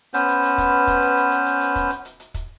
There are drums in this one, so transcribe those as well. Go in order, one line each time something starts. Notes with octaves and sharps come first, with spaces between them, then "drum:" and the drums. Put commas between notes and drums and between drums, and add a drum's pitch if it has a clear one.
B3 C#4 B4 C5, drum: hi-hat
drum: hi-hat
drum: hi-hat
drum: kick, hi-hat
drum: kick, hi-hat
drum: hi-hat
drum: hi-hat
drum: hi-hat
drum: hi-hat
drum: hi-hat
drum: kick, hi-hat
drum: hi-hat
drum: hi-hat
drum: hi-hat
drum: kick, hi-hat